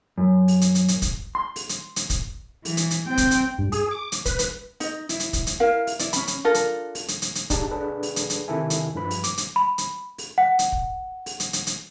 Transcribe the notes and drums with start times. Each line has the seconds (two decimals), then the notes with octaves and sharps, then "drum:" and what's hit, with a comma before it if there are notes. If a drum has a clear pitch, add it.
0.18 F#2
0.48 drum: open hi-hat
0.61 drum: hi-hat
0.75 drum: hi-hat
0.88 drum: hi-hat
1.02 drum: kick, hi-hat
1.35 C6
1.56 drum: open hi-hat
1.69 drum: hi-hat
1.96 drum: hi-hat
2.10 drum: kick, hi-hat
2.65 E3, drum: open hi-hat
2.77 drum: hi-hat
2.91 drum: hi-hat
3.08 C4 G5
3.18 drum: kick, hi-hat
3.31 drum: hi-hat
3.58 G2
3.72 G#4, drum: open hi-hat
3.91 D6
4.12 drum: hi-hat
4.25 B4, drum: kick, hi-hat
4.39 drum: hi-hat
4.80 D#4 D#5, drum: open hi-hat
5.09 E4, drum: hi-hat
5.20 drum: hi-hat
5.33 drum: kick, hi-hat
5.47 drum: hi-hat
5.60 E4 A#4 F5
5.87 drum: open hi-hat
5.99 E4 D5, drum: hi-hat
6.13 C#4 B5, drum: hi-hat
6.28 drum: hi-hat
6.44 D4 F4 A4 A#4
6.54 drum: hi-hat
6.95 drum: open hi-hat
7.08 drum: hi-hat
7.22 drum: hi-hat
7.35 drum: hi-hat
7.50 D4 D#4 G4 G#4 A5, drum: kick, hi-hat
7.71 D4 G#4 A4 B4
8.03 drum: open hi-hat
8.16 drum: hi-hat
8.30 drum: hi-hat
8.48 C3 D#3 E4 A4 E5 G#5
8.70 drum: hi-hat
8.95 G2 F3 B4 B5
9.11 drum: open hi-hat
9.24 D6, drum: hi-hat
9.38 drum: hi-hat
9.56 B5
9.78 drum: hi-hat
10.18 drum: open hi-hat
10.38 F#5
10.59 drum: hi-hat
10.72 drum: kick
11.26 drum: open hi-hat
11.40 drum: hi-hat
11.53 drum: hi-hat
11.67 drum: hi-hat